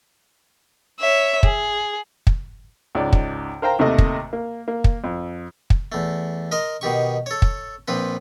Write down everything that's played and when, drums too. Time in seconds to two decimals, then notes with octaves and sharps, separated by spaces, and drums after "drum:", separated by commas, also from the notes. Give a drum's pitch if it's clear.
0.99 C#5 E5
1.43 G#4, drum: kick
2.27 drum: kick
2.95 C#2 G#2 D5
3.13 drum: kick
3.62 A#4 C5 F5 G5 A#5
3.79 D#2 C3 A3 D#5
3.98 drum: kick
4.33 A#3
4.68 A#3
4.84 drum: kick
5.04 F2
5.70 drum: kick
5.92 E2 A3
6.52 A#4 D#5 A#5 C6
6.81 B2 D#3 G4 C#6
7.26 A4 C#5
7.42 drum: kick
7.88 A#1 F3 C4 B4